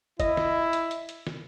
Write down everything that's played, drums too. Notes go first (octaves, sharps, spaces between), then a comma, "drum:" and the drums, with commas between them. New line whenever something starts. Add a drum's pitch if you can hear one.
E4 D#5, drum: kick, hi-hat
drum: snare
drum: hi-hat
drum: hi-hat
drum: hi-hat
drum: snare